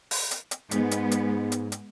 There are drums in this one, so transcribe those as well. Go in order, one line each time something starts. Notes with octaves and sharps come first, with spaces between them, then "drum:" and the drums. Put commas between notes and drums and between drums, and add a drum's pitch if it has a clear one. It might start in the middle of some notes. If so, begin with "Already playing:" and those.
drum: open hi-hat
drum: hi-hat
drum: hi-hat
G#2 G#3 B3, drum: hi-hat
drum: hi-hat
drum: hi-hat
drum: hi-hat
drum: hi-hat